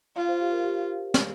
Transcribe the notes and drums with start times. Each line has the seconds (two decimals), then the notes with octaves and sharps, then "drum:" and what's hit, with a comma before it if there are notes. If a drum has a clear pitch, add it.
0.16 F4 F5
0.28 C5
0.40 G4
0.52 A#4
0.64 G4
1.14 drum: snare